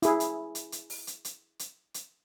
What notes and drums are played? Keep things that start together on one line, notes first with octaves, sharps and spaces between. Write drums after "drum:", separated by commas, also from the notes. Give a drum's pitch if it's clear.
E4 G#4, drum: hi-hat
drum: hi-hat
drum: hi-hat
drum: hi-hat
drum: open hi-hat
drum: hi-hat
drum: hi-hat
drum: hi-hat
drum: hi-hat